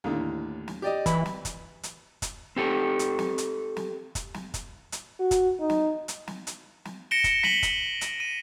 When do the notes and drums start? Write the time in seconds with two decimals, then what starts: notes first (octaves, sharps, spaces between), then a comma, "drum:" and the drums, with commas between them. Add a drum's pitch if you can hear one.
0.04 D#2 A2 D3
0.68 drum: snare
0.82 G4 D5 D#5
1.06 E3 B5, drum: kick, hi-hat
1.26 drum: snare
1.45 drum: kick, hi-hat
1.83 drum: hi-hat
2.22 drum: kick, hi-hat
2.56 C4 G4 A4
2.99 drum: hi-hat
3.19 drum: snare
3.38 drum: hi-hat
3.76 drum: snare
4.15 drum: kick, hi-hat
4.34 drum: snare
4.54 drum: kick, hi-hat
4.92 drum: hi-hat
5.20 F#4
5.31 drum: kick, hi-hat
5.60 D#4
5.70 drum: snare
6.08 drum: hi-hat
6.27 drum: snare
6.47 drum: hi-hat
6.85 drum: snare
7.11 A#6 C#7 D7 E7 G7
7.24 drum: kick, hi-hat
7.43 B6 D#7 F#7 G7, drum: snare
7.63 drum: kick, hi-hat
8.01 drum: hi-hat
8.20 D#7